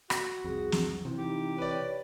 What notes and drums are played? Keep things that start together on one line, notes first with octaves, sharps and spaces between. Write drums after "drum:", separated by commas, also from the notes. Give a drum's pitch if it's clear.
F#4, drum: rim click
C2 F2 G#4
drum: snare
C3 E3 F3
D#4 G4
B4 C#5 D5